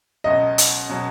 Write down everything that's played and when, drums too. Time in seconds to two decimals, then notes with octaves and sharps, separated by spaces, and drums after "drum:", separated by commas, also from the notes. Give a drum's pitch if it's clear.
0.24 C#2 B2 F#3 D#5
0.58 drum: hi-hat
0.90 B2 F#3